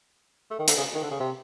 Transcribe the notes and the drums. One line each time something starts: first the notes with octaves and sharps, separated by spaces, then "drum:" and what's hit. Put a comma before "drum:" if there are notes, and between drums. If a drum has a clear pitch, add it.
A3
D#3
D3, drum: hi-hat
C#3
D#3
D3
C#3
C3